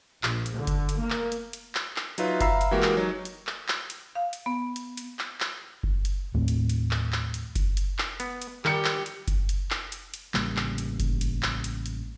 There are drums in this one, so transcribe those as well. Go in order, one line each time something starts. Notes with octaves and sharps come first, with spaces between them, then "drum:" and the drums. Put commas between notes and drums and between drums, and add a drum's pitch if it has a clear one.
A#1, drum: clap
drum: hi-hat
D3
drum: kick F#1, hi-hat
drum: hi-hat
A#3
drum: clap
drum: hi-hat
drum: hi-hat
drum: clap
drum: clap
F#3 D#4 F4 B4 E5, drum: hi-hat
E5 F5 A#5 B5 E6 C7, drum: kick F#1, hi-hat
drum: hi-hat
E3 G#3 A#3 F#4 G4 A#4
drum: clap
F#3 D#4
drum: hi-hat
drum: clap
drum: clap
drum: hi-hat
F5
drum: hi-hat
B3
drum: hi-hat
drum: hi-hat
drum: clap
drum: clap
drum: kick F#1
drum: hi-hat
D#2 A2 A3 C4
drum: hi-hat
drum: hi-hat
drum: clap
drum: clap
drum: hi-hat
drum: kick F#1, hi-hat
drum: hi-hat
drum: clap
B3, drum: hi-hat
drum: hi-hat
D#3 G3 G4 A#4 C#7, drum: clap
drum: clap
drum: hi-hat
drum: kick F#1, hi-hat
drum: hi-hat
drum: clap
drum: hi-hat
drum: hi-hat
A1 C#3 G3 A#3, drum: clap
drum: clap
drum: hi-hat
drum: kick F#1, hi-hat
drum: hi-hat
drum: clap
drum: hi-hat
drum: hi-hat